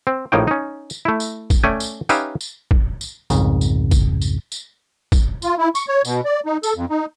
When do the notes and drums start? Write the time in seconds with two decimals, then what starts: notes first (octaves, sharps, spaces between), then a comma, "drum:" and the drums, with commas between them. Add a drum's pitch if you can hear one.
0.07 C4
0.32 A#1 A2 A#3 D#4 C#5 G5
0.47 C#4 D#4
0.90 drum: tambourine
1.05 A3 E4
1.20 drum: tambourine
1.50 drum: kick A1, tambourine
1.63 A3 C#4 D5 G5 G#5
1.80 drum: tambourine
2.09 C#4 D#4 G4 B4 E5 F5, drum: tambourine
2.41 drum: tambourine
2.71 drum: kick A1
3.01 drum: tambourine
3.30 C2 F2 G#2 C#3, drum: tambourine
3.61 drum: tambourine
3.91 drum: kick A1, tambourine
4.22 drum: tambourine
4.52 drum: tambourine
5.12 drum: kick A1, tambourine
5.42 F4, drum: tambourine
5.58 E4
5.75 C#6, drum: tambourine
5.88 C#5
6.05 B2, drum: tambourine
6.25 D5
6.46 D#4
6.63 A4, drum: tambourine
6.75 F2
6.90 D#4